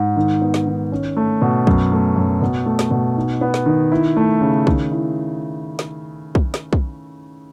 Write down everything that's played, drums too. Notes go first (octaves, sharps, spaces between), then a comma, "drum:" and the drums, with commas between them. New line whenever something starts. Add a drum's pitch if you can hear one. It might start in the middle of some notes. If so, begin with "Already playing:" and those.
Already playing: G#2
D#3
B3
drum: snare
D#3
C#4
A3
B2
F#2, drum: kick
A3
F#2
B2
A3
drum: snare
B2
D#4
B3
drum: snare
D#3
E4
A3
C#3
D#3, drum: kick
E4
drum: snare
drum: kick
drum: snare
drum: kick